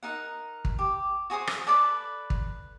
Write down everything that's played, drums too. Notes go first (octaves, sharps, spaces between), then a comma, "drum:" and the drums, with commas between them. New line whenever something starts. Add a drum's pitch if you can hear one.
D#4 A#4 F#5
drum: kick
G4
F#4 G#4 C5 D#6
drum: rim click
A4 B4 D5 A5
drum: kick